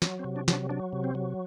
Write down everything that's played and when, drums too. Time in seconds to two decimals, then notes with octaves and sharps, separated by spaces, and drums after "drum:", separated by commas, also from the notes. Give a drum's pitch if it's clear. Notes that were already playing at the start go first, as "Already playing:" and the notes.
0.02 F#3 C4, drum: snare
0.19 C4
0.24 C3
0.36 D4
0.48 F#3, drum: snare
0.53 D4
0.69 F#3 D4
0.93 C3
1.04 C4
1.15 F#3